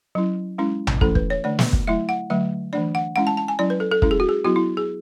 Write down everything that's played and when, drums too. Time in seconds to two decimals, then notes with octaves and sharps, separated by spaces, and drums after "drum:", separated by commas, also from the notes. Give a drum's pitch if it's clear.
0.15 F#3 C#4 E4
0.58 G#3 C#4 E4
0.87 drum: tom A#1
1.01 E3 A3 C#4 E4 A4, drum: kick
1.15 B4, drum: kick
1.30 C#5
1.44 D3 A3 D4 D5
1.59 drum: snare
1.73 drum: kick
1.87 F#3 A3 E4 E5
2.09 F#5
2.30 D3 F#3 A3 E5
2.73 E3 A3 D4 D5
2.95 F#5
3.16 G#3 C#4 E4 F#5
3.27 A5
3.37 A5
3.48 G#5
3.59 F#3 C#4 E4 D5
3.70 B4
3.80 A4
3.91 A4
4.02 G#3 C#4 E4 A4, drum: kick
4.11 G#4
4.20 F#4
4.29 G#4
4.45 F#3 B3 E4 F#4
4.56 E4
4.77 G#4